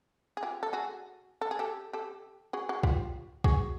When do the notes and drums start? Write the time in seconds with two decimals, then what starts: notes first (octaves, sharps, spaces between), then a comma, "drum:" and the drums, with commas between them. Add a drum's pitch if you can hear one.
0.37 G#4
0.43 F4 G4
0.63 A4
0.73 F#4 G#4
1.41 A4
1.51 G#4
1.59 G4 A4
1.93 G4 A4
2.53 F#4 G#4
2.69 F#4 G#4
2.83 F4 G4, drum: kick
3.44 F#4 G#4, drum: kick